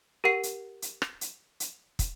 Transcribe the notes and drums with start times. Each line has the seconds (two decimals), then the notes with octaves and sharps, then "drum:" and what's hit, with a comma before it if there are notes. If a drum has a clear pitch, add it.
0.24 G4 A#4 F#5 C7 D#7
0.43 drum: hi-hat
0.82 drum: hi-hat
1.02 drum: rim click
1.21 drum: hi-hat
1.60 drum: hi-hat
1.99 drum: kick, hi-hat